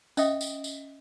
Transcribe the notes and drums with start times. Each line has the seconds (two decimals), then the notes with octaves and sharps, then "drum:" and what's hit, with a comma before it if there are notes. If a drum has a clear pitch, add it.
0.17 C#4 D#5 E5 G5 D#6, drum: tambourine
0.41 drum: tambourine
0.64 drum: tambourine